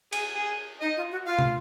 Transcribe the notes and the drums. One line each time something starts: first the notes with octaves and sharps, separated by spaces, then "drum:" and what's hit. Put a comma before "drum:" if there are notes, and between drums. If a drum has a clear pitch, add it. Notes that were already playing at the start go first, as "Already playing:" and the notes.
G#4, drum: cymbal
G#4
D#4 D#5
F4
F#4
F4 F5
drum: tom